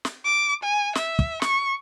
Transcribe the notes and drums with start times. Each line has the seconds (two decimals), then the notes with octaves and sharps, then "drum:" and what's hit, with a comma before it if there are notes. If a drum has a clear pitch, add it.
0.05 drum: snare
0.25 D6
0.63 G#5
0.95 E5, drum: snare
1.19 drum: kick
1.42 C#6, drum: snare